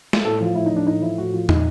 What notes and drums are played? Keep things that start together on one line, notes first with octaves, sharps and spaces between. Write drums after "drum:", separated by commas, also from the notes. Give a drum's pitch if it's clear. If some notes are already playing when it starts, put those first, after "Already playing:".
drum: snare
A2 A4
F3 F4
A2 E4
F3 D#4
D4
A2 D#4
F3 E4
A2 F#4
F3 F4
A#2 D#4, drum: tom